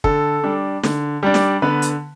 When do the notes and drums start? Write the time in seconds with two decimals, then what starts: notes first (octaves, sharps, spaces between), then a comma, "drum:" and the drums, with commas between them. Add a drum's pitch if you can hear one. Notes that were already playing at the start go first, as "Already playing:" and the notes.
0.04 D3 A4, drum: kick
0.44 G3 D4
0.83 D3, drum: snare
1.23 G3 D4
1.34 drum: snare
1.62 D3 B3 B4
1.82 drum: hi-hat